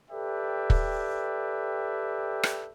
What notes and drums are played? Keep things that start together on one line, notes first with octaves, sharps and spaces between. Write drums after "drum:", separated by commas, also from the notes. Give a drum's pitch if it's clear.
G4 A4 B4 D5 E5 G5
drum: kick
drum: rim click